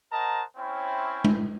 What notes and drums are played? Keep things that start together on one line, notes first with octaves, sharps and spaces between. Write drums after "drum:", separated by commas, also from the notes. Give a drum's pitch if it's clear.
A#4 C5 D#5 F#5 A5 A#5
C4 C#4 E4
drum: tom